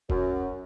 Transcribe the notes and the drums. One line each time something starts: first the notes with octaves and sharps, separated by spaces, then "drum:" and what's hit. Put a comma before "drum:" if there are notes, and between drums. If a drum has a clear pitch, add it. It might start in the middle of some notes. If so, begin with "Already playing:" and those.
F#2, drum: kick F1